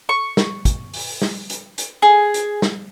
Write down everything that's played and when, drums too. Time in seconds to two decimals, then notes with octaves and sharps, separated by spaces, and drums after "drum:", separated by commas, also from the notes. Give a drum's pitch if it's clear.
0.09 C#6
0.37 drum: snare
0.65 drum: kick, hi-hat
0.93 drum: open hi-hat
1.22 drum: snare
1.50 drum: hi-hat
1.78 drum: hi-hat
2.02 G#4
2.34 drum: hi-hat
2.62 drum: snare